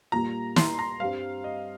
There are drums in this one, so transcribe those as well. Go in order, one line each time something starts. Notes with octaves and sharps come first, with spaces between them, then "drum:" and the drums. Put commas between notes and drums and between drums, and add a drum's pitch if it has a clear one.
A#2 G3 A#3 F4 A#5
C6, drum: snare
A#5
G2 G3 C4 F5
D#5